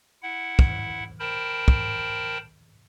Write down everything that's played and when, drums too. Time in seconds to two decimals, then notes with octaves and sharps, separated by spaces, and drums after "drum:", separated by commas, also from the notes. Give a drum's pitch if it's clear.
0.22 E4 F#5
0.59 drum: kick
1.20 A#4 C5 G5 A5 B5
1.68 drum: kick